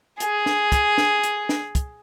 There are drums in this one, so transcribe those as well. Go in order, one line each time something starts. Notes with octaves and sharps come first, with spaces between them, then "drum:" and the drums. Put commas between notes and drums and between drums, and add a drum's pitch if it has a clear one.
G#4, drum: hi-hat
drum: snare
drum: kick, hi-hat
drum: snare
drum: hi-hat
drum: snare
drum: kick, hi-hat